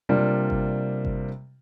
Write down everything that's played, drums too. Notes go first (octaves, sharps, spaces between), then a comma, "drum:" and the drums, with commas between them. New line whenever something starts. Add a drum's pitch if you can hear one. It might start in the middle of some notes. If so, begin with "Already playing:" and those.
C3 G3 A#3 D4 F4
drum: kick G1
drum: kick G1